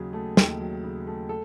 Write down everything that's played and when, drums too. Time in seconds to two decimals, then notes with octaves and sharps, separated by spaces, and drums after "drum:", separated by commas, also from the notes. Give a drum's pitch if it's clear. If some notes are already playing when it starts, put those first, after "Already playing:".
Already playing: D#2 C#3 F#3 G#4
0.13 A3
0.37 D#2, drum: snare
0.59 F#3
0.83 C#3
1.07 A3
1.29 A4